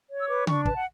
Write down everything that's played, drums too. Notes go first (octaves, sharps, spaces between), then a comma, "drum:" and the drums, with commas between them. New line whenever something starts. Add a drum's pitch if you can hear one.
C#5
E6
B4 D6
D4 C#6, drum: tom C#3
B4 A5, drum: kick
F#5